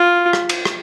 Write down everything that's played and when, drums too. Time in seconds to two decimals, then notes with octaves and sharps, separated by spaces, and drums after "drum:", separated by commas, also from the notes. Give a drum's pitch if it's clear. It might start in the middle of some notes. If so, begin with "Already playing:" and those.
Already playing: F4
0.33 drum: rim click
0.49 drum: cymbal
0.65 drum: rim click